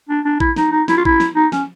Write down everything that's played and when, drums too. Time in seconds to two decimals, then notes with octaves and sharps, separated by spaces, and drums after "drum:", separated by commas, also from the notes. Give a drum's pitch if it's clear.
0.09 D4
0.25 D4
0.40 E4, drum: kick A1
0.56 D#4, drum: snare
0.72 D#4
0.88 E4, drum: snare
0.97 F4
1.05 E4, drum: kick A1
1.20 drum: snare
1.36 D#4
1.52 C#4, drum: snare